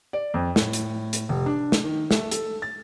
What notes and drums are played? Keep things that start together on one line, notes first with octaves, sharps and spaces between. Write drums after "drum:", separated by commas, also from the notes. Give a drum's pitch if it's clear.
D5
F2
A2, drum: snare
drum: hi-hat
drum: hi-hat
F1
D4
drum: snare
D#3
A3, drum: snare
A4, drum: hi-hat
A6